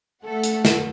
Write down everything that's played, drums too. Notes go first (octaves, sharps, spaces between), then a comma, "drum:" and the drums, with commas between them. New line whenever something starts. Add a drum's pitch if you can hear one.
A3 A4 F#5
drum: hi-hat
drum: snare